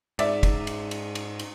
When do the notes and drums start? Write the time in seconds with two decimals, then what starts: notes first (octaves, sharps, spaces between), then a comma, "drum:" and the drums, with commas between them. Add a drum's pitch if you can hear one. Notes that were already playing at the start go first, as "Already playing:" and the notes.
0.19 G#2 D5 E5, drum: cymbal
0.43 drum: kick, cymbal
0.67 drum: cymbal
0.91 drum: cymbal
1.15 drum: cymbal
1.39 drum: cymbal